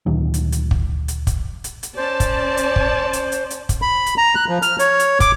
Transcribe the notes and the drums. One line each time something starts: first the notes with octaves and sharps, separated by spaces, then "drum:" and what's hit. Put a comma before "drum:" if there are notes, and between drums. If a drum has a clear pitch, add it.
D2 A#2 D#3 F#3
drum: hi-hat
drum: hi-hat
drum: kick
drum: hi-hat
drum: kick, hi-hat
drum: hi-hat
drum: hi-hat
C#4 C5 D5 A5
drum: kick, hi-hat
drum: hi-hat
drum: kick
drum: hi-hat
drum: hi-hat
drum: hi-hat
drum: kick, hi-hat
B5
drum: hi-hat
A#5
F#6
F3
F6, drum: hi-hat
C#5, drum: hi-hat
drum: hi-hat
D6, drum: kick, hi-hat